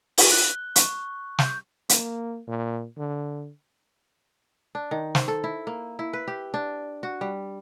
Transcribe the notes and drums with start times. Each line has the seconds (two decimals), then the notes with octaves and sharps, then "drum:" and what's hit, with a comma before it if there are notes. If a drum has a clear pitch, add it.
0.18 G7, drum: open hi-hat
0.32 F#6
0.76 C#6, drum: hi-hat
1.39 G6, drum: snare
1.89 A#3, drum: hi-hat
2.48 A#2
2.98 D3
4.75 D4
4.91 D#3
5.15 C5, drum: snare
5.28 A4
5.44 E4
5.67 A#3
5.99 E4
6.13 B4
6.28 G4
6.54 D4
7.03 F#4
7.21 G3